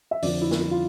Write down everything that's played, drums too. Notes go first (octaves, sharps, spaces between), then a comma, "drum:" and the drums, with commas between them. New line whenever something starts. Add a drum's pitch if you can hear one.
E5
F2 D3 F3 D5, drum: open hi-hat
E4
drum: snare
E4
F4